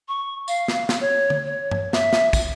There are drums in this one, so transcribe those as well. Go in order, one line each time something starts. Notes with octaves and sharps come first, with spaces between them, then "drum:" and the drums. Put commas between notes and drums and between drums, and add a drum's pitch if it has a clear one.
C#6
F5, drum: tambourine
drum: snare
drum: snare
C#5
drum: tom
C#5
drum: tom G2
E5, drum: snare
drum: snare
drum: kick, tambourine